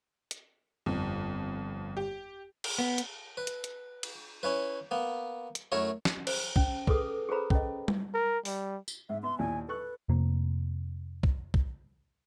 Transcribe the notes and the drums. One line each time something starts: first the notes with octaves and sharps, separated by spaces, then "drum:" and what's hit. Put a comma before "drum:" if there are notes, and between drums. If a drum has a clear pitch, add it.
drum: hi-hat
G1 F2
G4
drum: cymbal
B3
drum: hi-hat
B4
drum: hi-hat
drum: hi-hat
drum: cymbal
C#4 E4 B4
A#3 B3
drum: hi-hat
F#2 A3 E4 A#4 C#5
drum: snare
C5, drum: cymbal
C#4, drum: kick
G#4 A4 B4 D6 D#6, drum: kick
G#4 A4 B4 C5 A#5 B5
C#4 D#5, drum: kick
drum: tom G3
A#4
G3, drum: open hi-hat
drum: tambourine
G#2 E5
B3 E5 C6
D#2 A#2 E4 G#5
A4 B4 C#6 F#6
F2 C3 A#3
drum: kick
drum: kick